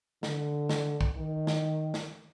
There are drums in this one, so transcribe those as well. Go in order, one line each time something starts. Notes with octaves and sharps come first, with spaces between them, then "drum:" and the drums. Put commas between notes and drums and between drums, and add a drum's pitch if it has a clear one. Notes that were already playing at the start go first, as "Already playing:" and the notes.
D3, drum: snare
drum: snare
drum: kick
D#3
drum: snare
drum: snare